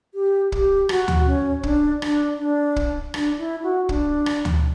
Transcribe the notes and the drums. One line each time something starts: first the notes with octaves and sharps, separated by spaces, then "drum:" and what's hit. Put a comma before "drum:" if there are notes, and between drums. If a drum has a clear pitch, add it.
G4
G4, drum: kick
F#4, drum: rim click
drum: tom D2
C#4
D4, drum: kick
D4, drum: rim click
D4
drum: kick
D4, drum: rim click
E4
F#4
D4, drum: kick
drum: rim click
drum: tom D2